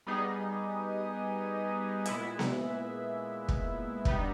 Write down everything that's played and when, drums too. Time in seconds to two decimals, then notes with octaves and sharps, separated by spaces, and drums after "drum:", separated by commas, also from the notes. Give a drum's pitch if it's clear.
0.07 G3 B3 D#4 G#4 D#5
2.05 A#2 G#3 B3 E4, drum: hi-hat
2.39 drum: snare B3
3.49 drum: kick
4.05 G2 G3 B3 D#4, drum: kick